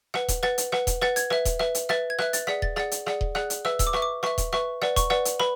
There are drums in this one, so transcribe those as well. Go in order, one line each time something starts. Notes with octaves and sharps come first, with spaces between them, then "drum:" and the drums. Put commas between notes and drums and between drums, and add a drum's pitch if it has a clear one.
B4 F#5, drum: rim click
drum: kick D#1, hi-hat
B4 F#5 A6, drum: rim click
drum: hi-hat
B4 F#5, drum: rim click
drum: kick D#1, hi-hat
B4 F#5 A6, drum: rim click
G#6, drum: hi-hat
B4 E5, drum: rim click
drum: kick D#1, hi-hat
B4 E5, drum: rim click
drum: hi-hat
B4 E5 A6, drum: rim click
G#6
B4 E5 F#6, drum: rim click
A6, drum: hi-hat
G#4 D5 F#5 B6, drum: rim click
A6, drum: kick D#1
G#4 D5 F#5 A6, drum: rim click
drum: hi-hat
G#4 D5 F#5, drum: rim click
drum: kick D#1
G#4 D5 F#5 F#6, drum: rim click
drum: hi-hat
B4 E5 E6, drum: rim click
E6, drum: kick D#1, hi-hat
D6
B4 E5 C#6, drum: rim click
D6
B4 E5 C#6, drum: rim click
drum: kick D#1, hi-hat
B4 E5 C#6, drum: rim click
B4 D5 F#5, drum: rim click
C#6, drum: kick D#1, hi-hat
B4 D5 F#5, drum: rim click
drum: hi-hat
B4 B5, drum: rim click